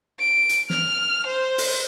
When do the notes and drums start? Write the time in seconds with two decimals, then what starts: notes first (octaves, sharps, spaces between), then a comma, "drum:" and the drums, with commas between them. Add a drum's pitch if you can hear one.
0.20 D7
0.49 drum: hi-hat
0.70 F6, drum: snare
1.27 C5
1.58 drum: open hi-hat